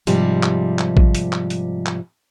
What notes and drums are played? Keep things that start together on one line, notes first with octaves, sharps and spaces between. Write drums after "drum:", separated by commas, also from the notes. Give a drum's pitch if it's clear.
G#2 C3 F3 G3, drum: hi-hat
drum: clap
drum: clap
drum: kick
drum: hi-hat
drum: clap
drum: hi-hat
drum: clap